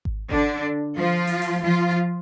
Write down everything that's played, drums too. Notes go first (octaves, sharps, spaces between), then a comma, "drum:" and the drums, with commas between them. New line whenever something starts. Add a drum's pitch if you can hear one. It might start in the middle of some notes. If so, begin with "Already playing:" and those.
drum: kick G#1
D3 D4, drum: kick G#1
F3 F4
drum: open hi-hat
drum: open hi-hat
F3 F4